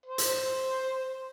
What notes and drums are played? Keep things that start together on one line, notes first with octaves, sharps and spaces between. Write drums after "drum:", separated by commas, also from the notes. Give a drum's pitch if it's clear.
C5
drum: hi-hat